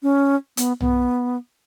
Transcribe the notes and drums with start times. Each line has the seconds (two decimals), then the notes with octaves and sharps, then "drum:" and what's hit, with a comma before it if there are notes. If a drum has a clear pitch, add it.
0.03 C#4
0.57 B3, drum: hi-hat
0.81 B3, drum: tom B1